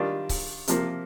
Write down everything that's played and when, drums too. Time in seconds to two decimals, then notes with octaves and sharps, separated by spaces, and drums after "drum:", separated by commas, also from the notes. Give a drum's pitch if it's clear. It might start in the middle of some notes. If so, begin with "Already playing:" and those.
Already playing: D#3 G3 D4 F4
0.29 drum: kick C#1, open hi-hat
0.67 C3 F3 A#3, drum: hi-hat